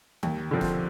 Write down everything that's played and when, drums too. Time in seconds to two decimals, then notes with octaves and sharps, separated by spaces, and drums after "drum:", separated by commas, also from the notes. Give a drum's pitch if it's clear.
0.23 D#2, drum: tom D#3
0.51 D3 F3 C4
0.61 drum: snare